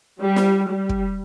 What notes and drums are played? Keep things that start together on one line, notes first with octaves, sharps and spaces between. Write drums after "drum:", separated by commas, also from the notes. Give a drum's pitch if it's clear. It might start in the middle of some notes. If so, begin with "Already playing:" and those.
G3
drum: snare
G3
drum: kick